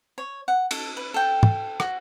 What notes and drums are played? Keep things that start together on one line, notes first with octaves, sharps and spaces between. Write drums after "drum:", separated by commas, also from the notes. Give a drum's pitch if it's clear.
C#5
F#5
A4, drum: cymbal
B4
A4 G5
drum: tom
F#4, drum: rim click